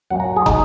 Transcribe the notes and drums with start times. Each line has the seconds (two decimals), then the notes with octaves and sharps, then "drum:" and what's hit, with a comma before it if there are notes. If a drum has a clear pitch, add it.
0.10 F#2 F#3 A#3 C#4 F#5
0.20 A#5
0.36 G#4
0.46 D#4, drum: kick